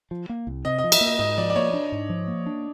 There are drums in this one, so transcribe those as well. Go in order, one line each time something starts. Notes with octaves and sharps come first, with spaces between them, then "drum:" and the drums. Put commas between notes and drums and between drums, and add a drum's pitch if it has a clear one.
F3
A#3
C2
C3 D#5
D#5
F3
E5, drum: cymbal
A#3
D#5
G#2 D#5
F3 D5
D5
A#3 C#5
D4
G#2
F3
A#3
D4